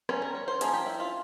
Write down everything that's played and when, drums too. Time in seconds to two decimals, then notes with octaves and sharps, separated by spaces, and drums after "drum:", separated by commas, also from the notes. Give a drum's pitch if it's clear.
0.09 G3 A#3 C#4 C5, drum: rim click
0.22 A#4
0.35 C#5
0.48 C5
0.61 F3 A#3 C#4 G#4, drum: hi-hat
0.73 G4
0.87 E4
1.00 F4